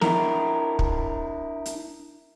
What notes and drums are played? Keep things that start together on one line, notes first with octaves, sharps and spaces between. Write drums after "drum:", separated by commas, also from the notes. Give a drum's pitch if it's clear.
D4 E4 A#4, drum: snare
drum: kick
drum: hi-hat